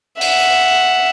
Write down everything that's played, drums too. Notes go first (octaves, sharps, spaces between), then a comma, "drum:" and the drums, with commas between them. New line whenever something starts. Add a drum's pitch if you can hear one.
E5 F#5, drum: open hi-hat